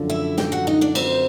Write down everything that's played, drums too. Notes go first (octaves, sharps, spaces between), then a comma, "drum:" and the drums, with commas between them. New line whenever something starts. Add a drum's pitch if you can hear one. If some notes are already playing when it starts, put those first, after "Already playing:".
Already playing: F#2 D3 F3
E4 E5
G4 G5, drum: snare
F#4 F#5
D#4 D#5
D4 D5
C4 C5, drum: cymbal